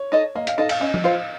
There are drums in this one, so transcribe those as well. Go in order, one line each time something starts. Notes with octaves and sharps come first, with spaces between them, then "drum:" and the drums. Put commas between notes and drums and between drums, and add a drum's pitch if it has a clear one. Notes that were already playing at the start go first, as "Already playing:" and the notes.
Already playing: C#5
D#4 A4 D#5
A#3 D#5
F5, drum: hi-hat
D#4 A4 D#5 F5
F5, drum: cymbal
C#4 D#5
drum: tom F3
F4 C5 F5